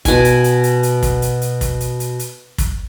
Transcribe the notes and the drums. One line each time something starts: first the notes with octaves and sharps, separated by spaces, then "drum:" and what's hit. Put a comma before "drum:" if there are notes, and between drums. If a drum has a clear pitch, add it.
B2 G#5, drum: kick, hi-hat
drum: hi-hat
drum: hi-hat
drum: hi-hat
drum: hi-hat
drum: kick, hi-hat
drum: hi-hat
drum: hi-hat
drum: kick, hi-hat
drum: hi-hat
drum: hi-hat
drum: hi-hat
drum: kick, hi-hat